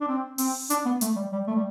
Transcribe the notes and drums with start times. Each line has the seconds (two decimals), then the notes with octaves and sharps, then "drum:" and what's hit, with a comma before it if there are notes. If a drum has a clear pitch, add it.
0.01 D4
0.08 C4
0.38 C4, drum: open hi-hat
0.70 D4, drum: hi-hat
0.85 B3
1.01 A3, drum: hi-hat
1.16 G3
1.32 G3
1.47 A3
1.56 G3